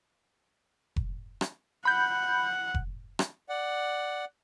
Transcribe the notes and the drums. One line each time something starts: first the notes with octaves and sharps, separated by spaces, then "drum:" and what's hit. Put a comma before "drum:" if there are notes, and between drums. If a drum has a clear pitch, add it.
drum: kick F1
drum: rim click
F#5 B5 G6
drum: kick F1
drum: rim click
D5 F#5